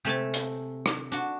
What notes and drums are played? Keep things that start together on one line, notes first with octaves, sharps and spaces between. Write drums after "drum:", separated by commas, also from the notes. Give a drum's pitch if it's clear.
C3 A3 G#5 A5
drum: hi-hat
drum: rim click
D4 F#4